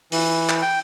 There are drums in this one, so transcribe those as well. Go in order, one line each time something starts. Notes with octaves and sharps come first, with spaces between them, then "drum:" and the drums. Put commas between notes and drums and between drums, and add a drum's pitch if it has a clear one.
E3, drum: open hi-hat
drum: clap
G5